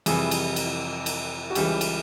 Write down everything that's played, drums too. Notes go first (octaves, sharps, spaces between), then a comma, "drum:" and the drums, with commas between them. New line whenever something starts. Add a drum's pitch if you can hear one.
F2 C3 E3 G3 G#4, drum: cymbal
drum: cymbal
drum: cymbal
drum: cymbal
F#4
C#2 C#3 E3 G3 G4, drum: cymbal
drum: cymbal